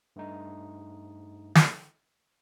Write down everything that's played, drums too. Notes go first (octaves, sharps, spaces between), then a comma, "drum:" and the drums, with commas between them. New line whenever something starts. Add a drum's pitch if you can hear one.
G2 A3 D#4
drum: snare